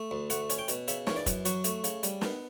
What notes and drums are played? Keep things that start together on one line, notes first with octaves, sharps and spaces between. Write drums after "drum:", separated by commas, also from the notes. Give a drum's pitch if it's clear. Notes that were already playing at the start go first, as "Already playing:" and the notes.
Already playing: A3
D2
A3 F#5, drum: hi-hat
C#4, drum: hi-hat
G5
B2, drum: hi-hat
C#3 E5, drum: hi-hat
E3 C#5, drum: snare
D5
F#2, drum: kick, hi-hat
F#3 F#4, drum: hi-hat
A3, drum: hi-hat
C#3, drum: hi-hat
G3, drum: hi-hat
B3, drum: snare